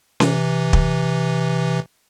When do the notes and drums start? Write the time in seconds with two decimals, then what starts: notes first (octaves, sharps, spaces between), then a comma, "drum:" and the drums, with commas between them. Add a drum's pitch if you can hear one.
0.20 C3 E3, drum: snare C#4
0.73 drum: kick